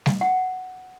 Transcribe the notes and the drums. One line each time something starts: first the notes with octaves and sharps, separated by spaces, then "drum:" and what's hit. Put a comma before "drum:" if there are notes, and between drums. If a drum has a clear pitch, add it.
drum: snare G3
F#5